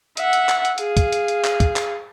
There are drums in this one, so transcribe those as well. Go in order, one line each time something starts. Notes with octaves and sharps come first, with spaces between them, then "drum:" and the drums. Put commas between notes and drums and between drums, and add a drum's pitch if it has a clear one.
E5 F#5, drum: hi-hat
drum: hi-hat
drum: clap
drum: hi-hat
G#4 F5, drum: hi-hat
drum: kick, hi-hat
drum: hi-hat
drum: hi-hat
drum: clap
drum: kick, hi-hat
drum: clap